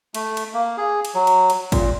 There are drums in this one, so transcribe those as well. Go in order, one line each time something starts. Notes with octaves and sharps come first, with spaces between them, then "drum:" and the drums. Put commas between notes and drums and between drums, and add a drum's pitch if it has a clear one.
A3, drum: cymbal
drum: cymbal
A#3
G#4
drum: cymbal
F#3
drum: cymbal
drum: cymbal
A#2, drum: kick G#1, cymbal